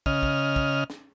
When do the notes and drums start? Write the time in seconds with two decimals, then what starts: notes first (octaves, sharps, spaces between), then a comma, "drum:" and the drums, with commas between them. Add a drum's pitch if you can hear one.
0.06 C#3 D#5 F6, drum: kick
0.23 drum: kick
0.56 drum: kick
0.90 drum: snare